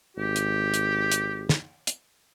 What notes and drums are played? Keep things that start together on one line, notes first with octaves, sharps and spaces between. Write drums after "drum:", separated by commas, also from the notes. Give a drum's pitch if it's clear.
G#1 G4
drum: hi-hat
drum: hi-hat
drum: hi-hat
drum: snare
drum: hi-hat